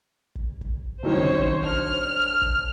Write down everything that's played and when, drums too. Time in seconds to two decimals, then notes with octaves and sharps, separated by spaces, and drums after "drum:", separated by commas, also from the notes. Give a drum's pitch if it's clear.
0.35 drum: kick
0.61 drum: kick
1.03 C2 F#2 D#3 C5 C#5
1.39 drum: kick
1.64 D4 F6, drum: kick
2.42 drum: kick